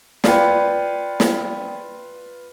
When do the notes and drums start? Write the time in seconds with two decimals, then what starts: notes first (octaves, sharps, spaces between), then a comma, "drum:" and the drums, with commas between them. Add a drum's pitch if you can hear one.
0.24 F4 B4 D5 G5, drum: snare
1.20 drum: snare